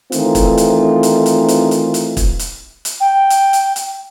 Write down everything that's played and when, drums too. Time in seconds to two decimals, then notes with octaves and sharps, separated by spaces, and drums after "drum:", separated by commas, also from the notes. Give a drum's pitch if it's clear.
0.12 D#3 E3 A3 C4 D#4 F4, drum: hi-hat
0.35 drum: kick, hi-hat
0.58 drum: hi-hat
1.03 drum: hi-hat
1.26 drum: hi-hat
1.49 drum: hi-hat
1.71 drum: hi-hat
1.94 drum: hi-hat
2.17 drum: kick, hi-hat
2.39 drum: hi-hat
2.85 drum: hi-hat
3.00 G5
3.30 drum: hi-hat
3.53 drum: hi-hat
3.76 drum: hi-hat